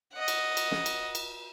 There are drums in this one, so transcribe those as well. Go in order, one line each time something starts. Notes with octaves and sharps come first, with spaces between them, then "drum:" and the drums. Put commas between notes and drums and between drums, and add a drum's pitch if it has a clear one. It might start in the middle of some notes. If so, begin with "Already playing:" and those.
D#5 F#5
drum: cymbal
drum: cymbal
drum: snare
drum: cymbal
drum: cymbal